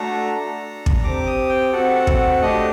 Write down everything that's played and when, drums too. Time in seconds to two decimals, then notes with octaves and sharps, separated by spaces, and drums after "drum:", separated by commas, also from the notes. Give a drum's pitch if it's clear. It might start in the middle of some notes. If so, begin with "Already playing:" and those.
Already playing: A3 D4 F#4 A4 A#5
0.35 D4 A4
0.86 drum: kick
1.03 C4 G4 D6
1.26 D#6
1.49 G5
1.72 C4 F#4 A4 F#5
2.07 drum: kick
2.42 A3 D4 G4 D#5